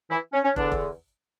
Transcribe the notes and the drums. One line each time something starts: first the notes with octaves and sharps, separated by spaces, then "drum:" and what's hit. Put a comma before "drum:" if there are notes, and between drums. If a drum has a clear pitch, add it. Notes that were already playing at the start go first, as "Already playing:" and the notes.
E3 E4
C#4
C#4
E2 D3 D4, drum: kick
drum: kick